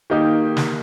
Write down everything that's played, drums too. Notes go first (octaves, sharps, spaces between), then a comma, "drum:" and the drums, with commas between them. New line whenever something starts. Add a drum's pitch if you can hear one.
D#3 A#3 D#4 G4
drum: snare